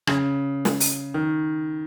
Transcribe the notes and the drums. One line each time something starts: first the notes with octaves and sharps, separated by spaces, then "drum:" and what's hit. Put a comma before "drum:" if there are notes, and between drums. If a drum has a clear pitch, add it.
C#3, drum: rim click
drum: snare
drum: open hi-hat
D#3